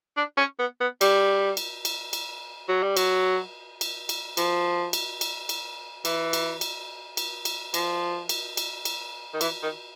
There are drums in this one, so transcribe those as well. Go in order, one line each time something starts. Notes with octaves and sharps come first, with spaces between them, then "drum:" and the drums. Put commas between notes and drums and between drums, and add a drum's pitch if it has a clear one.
D4
C#4
B3
B3
G3, drum: cymbal
drum: cymbal
drum: cymbal
drum: cymbal
F#3
G3
F#3, drum: cymbal
drum: cymbal
drum: cymbal
F3, drum: cymbal
drum: cymbal
drum: cymbal
drum: cymbal
E3, drum: cymbal
drum: cymbal
drum: cymbal
drum: cymbal
drum: cymbal
F3, drum: cymbal
drum: cymbal
drum: cymbal
drum: cymbal
D#3
E3, drum: cymbal
D#3